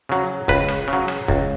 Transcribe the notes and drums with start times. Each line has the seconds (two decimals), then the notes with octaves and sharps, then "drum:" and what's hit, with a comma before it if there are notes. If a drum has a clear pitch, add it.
0.09 C#3 F#3
0.48 C#2 B4, drum: kick
0.68 drum: rim click
0.88 C#3
0.93 F#3
1.08 drum: rim click
1.28 C#2, drum: kick